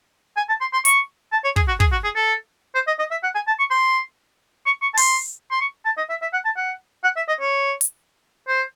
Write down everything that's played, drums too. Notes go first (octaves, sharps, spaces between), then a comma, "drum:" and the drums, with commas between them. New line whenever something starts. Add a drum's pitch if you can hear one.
G#5
A5
C6
C6
C#6, drum: hi-hat
A5
C#5
G#4, drum: kick
F#4
G#4, drum: kick
F#4
G#4
A4
C5
D#5
D#5
E5
F#5
G#5
A5
C#6
C6
C#6
C#6
A5
C6, drum: open hi-hat
C6
C#6
A5
D#5
E5
E5
F#5
A5
F#5
F#5
E5
D#5
C#5
drum: hi-hat
C5